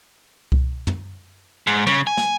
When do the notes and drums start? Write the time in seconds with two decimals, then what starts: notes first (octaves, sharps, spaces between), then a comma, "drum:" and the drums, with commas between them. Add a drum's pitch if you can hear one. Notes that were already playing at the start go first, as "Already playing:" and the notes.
0.52 drum: kick C2
0.87 drum: tom
1.67 G#2
1.87 C#3, drum: tom
2.07 G#5
2.17 drum: snare